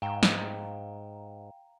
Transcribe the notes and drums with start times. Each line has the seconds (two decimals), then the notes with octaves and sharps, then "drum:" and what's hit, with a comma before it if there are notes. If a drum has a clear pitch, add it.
0.02 G#2 F5 G5 A#5
0.23 drum: snare